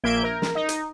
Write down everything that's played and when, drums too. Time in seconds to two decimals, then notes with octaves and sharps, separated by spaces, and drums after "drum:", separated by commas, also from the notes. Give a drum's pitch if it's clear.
0.03 A#1 A#3 E5 G6 G#6 D7
0.23 A#4
0.42 drum: snare
0.55 D#4
0.69 drum: hi-hat